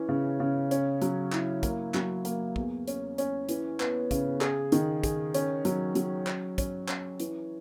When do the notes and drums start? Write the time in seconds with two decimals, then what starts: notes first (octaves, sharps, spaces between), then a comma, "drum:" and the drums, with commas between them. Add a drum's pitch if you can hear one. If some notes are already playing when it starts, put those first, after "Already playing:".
Already playing: E3 C#4
0.09 C#3
0.40 C#3
0.71 C#4, drum: hi-hat
1.02 F#3, drum: hi-hat
1.32 E4, drum: clap
1.63 A#3, drum: kick, hi-hat
1.94 F#3, drum: clap
2.25 A#3, drum: hi-hat
2.56 E2, drum: kick
2.88 C#4, drum: hi-hat
3.18 C#4, drum: hi-hat
3.49 E3, drum: hi-hat
3.80 B3, drum: clap
4.11 C#3, drum: kick, hi-hat
4.41 G#4, drum: clap
4.72 D#3, drum: hi-hat
5.03 G#4, drum: kick, hi-hat
5.34 C#4, drum: hi-hat
5.65 F#3, drum: hi-hat
5.95 F#3, drum: hi-hat
6.27 C#4, drum: clap
6.58 C#4, drum: kick, hi-hat
6.88 C#4, drum: clap
7.20 E3, drum: hi-hat